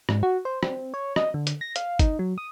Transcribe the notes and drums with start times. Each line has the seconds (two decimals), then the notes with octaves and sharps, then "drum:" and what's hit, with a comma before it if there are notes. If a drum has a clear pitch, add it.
0.09 G#2, drum: rim click
0.23 F#4
0.45 C5
0.63 C4, drum: rim click
0.94 C#5
1.16 D#5, drum: rim click
1.34 D3
1.47 drum: hi-hat
1.61 A#6
1.76 F5, drum: hi-hat
1.99 D#4, drum: kick G1, hi-hat
2.19 F#3
2.38 D#6